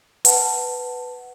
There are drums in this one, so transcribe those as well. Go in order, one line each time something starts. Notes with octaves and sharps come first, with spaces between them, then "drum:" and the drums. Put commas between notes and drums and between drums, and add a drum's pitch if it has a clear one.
B4 F#5 A5, drum: hi-hat